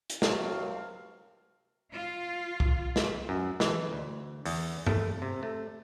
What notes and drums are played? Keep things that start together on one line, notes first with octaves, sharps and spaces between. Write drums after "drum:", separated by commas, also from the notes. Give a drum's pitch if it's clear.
drum: hi-hat
C#2 C3 F#3 A#4 F5 A5, drum: snare
F4
drum: kick
drum: snare
F#2
E3, drum: snare
D2
E2, drum: open hi-hat
A3, drum: tom G2
C3
A3